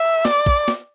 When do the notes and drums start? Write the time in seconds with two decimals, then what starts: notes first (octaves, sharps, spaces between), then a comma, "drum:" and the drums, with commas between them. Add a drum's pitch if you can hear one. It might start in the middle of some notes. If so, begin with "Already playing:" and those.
Already playing: E5
0.25 D5, drum: snare
0.46 drum: kick
0.68 drum: snare